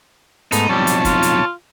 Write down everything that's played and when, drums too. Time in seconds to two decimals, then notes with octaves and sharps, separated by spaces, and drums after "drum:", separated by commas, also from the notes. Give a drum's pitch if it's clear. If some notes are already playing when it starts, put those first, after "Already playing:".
0.52 G#2 A3 B3 D#4, drum: hi-hat
0.69 B1 F2 G3 C#5 A5
0.87 drum: hi-hat
1.05 F4, drum: kick, hi-hat
1.22 drum: hi-hat